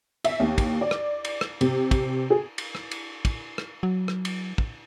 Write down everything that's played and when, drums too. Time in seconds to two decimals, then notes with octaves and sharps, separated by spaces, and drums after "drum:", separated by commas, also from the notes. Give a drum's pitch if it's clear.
0.24 E5, drum: cymbal
0.40 D#2
0.58 drum: kick, cymbal
0.81 D5
0.91 drum: rim click
1.25 drum: cymbal
1.41 drum: rim click
1.61 C3, drum: cymbal
1.91 drum: kick, cymbal
2.30 G#4
2.58 drum: cymbal
2.75 drum: rim click
2.91 drum: cymbal
3.25 drum: kick, cymbal
3.58 drum: rim click
3.83 F#3
4.08 drum: rim click
4.25 drum: cymbal
4.58 drum: kick